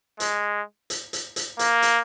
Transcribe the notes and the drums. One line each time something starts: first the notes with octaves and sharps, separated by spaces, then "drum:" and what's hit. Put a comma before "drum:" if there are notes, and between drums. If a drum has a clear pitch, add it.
G#3, drum: hi-hat
drum: hi-hat
drum: hi-hat
drum: hi-hat
A#3, drum: hi-hat
drum: hi-hat